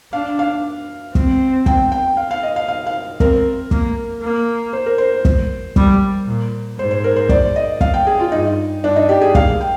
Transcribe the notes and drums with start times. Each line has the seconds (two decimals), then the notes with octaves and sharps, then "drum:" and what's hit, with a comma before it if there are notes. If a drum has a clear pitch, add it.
0.13 D4 F5
0.39 F5
1.15 C4, drum: kick
1.66 G5, drum: kick
1.92 G5
2.17 F5
2.31 F5
2.43 D#5
2.56 F5
2.68 F5
2.86 F5
3.20 C4 A#4, drum: kick
3.71 A#3, drum: kick
4.22 A#3
4.73 C5
4.86 A#4
4.98 C5
5.25 drum: kick
5.76 G3, drum: kick
6.27 A#2
6.78 G#2 C5
6.91 C5
7.04 A#4
7.16 C5
7.29 D5, drum: kick
7.56 D#5
7.81 F5, drum: kick
7.94 G5
8.07 G#4
8.20 F4
8.32 G2 D#4
8.83 G2 D4
8.96 D#4
9.09 G4
9.21 G#4
9.35 A#2 F5, drum: kick
9.61 G5